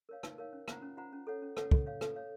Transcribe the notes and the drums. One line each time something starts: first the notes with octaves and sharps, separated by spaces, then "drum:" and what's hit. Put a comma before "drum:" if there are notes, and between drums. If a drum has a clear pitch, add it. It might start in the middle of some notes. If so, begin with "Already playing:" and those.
A#4 C#5 F5
D#4, drum: rim click
A#4 C#5 F5
C#4
F4 C5 F#5 A#5, drum: rim click
C#4
F4 C5 F#5 A#5
C#4
A4 C#5 F#5
C#4
A4 C#5 F#5, drum: rim click
A4, drum: kick
C#5 F5
A4, drum: rim click
C#5 F5